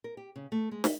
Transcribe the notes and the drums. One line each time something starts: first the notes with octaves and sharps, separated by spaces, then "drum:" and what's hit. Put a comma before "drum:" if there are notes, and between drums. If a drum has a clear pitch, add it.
A#4
G4
C#3
A3
G#3
E5, drum: snare